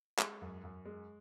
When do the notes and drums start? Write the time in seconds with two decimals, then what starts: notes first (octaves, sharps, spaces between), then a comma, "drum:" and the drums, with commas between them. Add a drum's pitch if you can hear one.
0.19 G#3, drum: clap
0.41 F#2
0.63 F#2
0.85 G#3